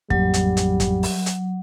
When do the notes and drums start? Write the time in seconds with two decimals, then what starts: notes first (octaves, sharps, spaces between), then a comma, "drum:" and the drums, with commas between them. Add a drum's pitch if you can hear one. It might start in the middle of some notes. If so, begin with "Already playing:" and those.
0.10 A1 F2 F#3 G3 A#3, drum: kick
0.34 drum: hi-hat
0.57 drum: hi-hat
0.80 drum: kick, hi-hat
1.03 drum: open hi-hat
1.26 drum: hi-hat